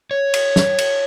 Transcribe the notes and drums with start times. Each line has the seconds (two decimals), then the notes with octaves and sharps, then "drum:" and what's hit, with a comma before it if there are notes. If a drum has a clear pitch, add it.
0.11 C#5
0.34 drum: cymbal
0.56 drum: snare
0.78 drum: cymbal